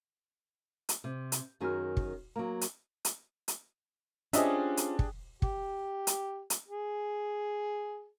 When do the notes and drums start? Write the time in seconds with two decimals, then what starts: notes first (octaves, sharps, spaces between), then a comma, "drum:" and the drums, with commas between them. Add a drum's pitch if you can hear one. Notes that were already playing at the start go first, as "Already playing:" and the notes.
0.89 drum: hi-hat
1.04 C3
1.32 drum: hi-hat
1.61 F#2 D#3 D#4 F#4 G#4 F6
1.97 drum: kick
2.36 F#3 A#3 A#5
2.61 drum: hi-hat
3.05 drum: hi-hat
3.48 drum: hi-hat
4.33 C#4 D4 F4 G4 G#4 C5 D#5 E5, drum: hi-hat
4.77 drum: hi-hat
4.99 drum: kick
5.42 G4, drum: kick
6.07 drum: hi-hat
6.50 drum: hi-hat
6.68 G#4